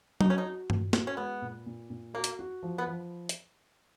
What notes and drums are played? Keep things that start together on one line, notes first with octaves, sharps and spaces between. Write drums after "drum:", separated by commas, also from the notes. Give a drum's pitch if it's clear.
D#4 F#4, drum: tom F#3
C#4
D#4
F#4
A#2, drum: tom G2
F#4, drum: snare
C#4
G#3 B3
A#2
A#2
A#2
A#3 F#4
drum: hi-hat
F#4
F3
B3
F3
drum: hi-hat